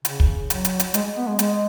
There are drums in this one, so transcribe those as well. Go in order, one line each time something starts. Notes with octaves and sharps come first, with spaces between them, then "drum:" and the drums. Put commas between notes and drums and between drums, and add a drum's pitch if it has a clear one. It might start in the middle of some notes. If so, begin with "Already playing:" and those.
C#3, drum: hi-hat
drum: kick
F#3, drum: hi-hat
drum: hi-hat
drum: hi-hat
G#3, drum: hi-hat
B3
G#3
G#3, drum: hi-hat